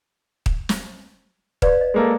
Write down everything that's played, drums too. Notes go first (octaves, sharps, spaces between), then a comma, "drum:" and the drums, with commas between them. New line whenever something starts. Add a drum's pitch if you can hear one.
drum: kick
drum: snare
B4 D5 F5, drum: kick
D#5
G#3 A#3 A4